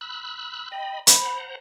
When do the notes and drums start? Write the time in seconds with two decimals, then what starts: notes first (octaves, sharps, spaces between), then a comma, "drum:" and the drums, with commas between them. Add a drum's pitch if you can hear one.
0.01 B5 E6 F#6
0.72 D#5 G5 B5
1.07 C5 F#5 A#5 B5, drum: hi-hat